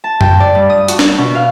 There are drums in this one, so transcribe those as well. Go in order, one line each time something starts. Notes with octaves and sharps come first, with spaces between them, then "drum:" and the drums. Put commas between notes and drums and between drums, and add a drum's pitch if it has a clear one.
A5
G5, drum: tom F#2
D5
G2
D#6
F#4, drum: hi-hat
drum: snare
B2
F5